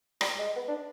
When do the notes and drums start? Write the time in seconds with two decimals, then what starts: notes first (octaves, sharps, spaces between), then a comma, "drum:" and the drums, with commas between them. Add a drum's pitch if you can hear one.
0.21 G3, drum: rim click
0.39 G#3
0.56 B3
0.68 D4